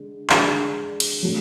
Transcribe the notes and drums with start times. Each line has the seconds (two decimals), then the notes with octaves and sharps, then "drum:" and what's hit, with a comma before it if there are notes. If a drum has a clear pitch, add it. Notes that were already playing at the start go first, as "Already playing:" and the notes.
Already playing: D3 G#3
0.30 D3 G#3 D4, drum: clap
1.00 drum: cymbal
1.23 F#3 A3